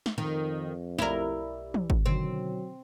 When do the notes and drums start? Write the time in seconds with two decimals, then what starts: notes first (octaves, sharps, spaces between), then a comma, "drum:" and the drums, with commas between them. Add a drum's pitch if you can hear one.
0.06 drum: snare
0.18 F2 D#3
0.98 B1 E4 G4 A#4 D5, drum: snare
1.74 drum: tom
1.90 drum: kick
2.06 B2 D3 D#3 F#3 C4